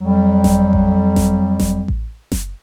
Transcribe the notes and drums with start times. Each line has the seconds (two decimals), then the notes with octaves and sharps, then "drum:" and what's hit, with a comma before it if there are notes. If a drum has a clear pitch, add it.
0.01 F2 F#3 G3
0.44 drum: snare F#1
0.73 drum: kick A1
1.16 drum: snare F#1
1.59 drum: snare F#1
1.88 drum: kick A1
2.32 drum: snare F#1